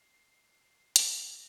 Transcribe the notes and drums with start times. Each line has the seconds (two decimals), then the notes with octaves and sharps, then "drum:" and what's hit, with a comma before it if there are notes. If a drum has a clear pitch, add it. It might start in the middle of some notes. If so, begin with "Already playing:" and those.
Already playing: C7
0.96 A#6, drum: hi-hat